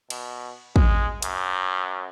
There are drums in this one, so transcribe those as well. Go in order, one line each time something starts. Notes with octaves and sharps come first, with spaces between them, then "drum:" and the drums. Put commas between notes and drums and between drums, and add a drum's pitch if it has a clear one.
B2, drum: cymbal
G#3, drum: kick
F#2, drum: hi-hat